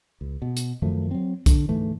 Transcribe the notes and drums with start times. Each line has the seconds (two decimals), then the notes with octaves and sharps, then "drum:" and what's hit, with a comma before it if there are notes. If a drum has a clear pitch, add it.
0.21 C#2
0.42 B2
0.57 drum: hi-hat
0.82 F#2 D#3 F3 A3
1.11 F#3 C4
1.46 D3 D4, drum: kick, hi-hat
1.69 D2 G#2 E3 A3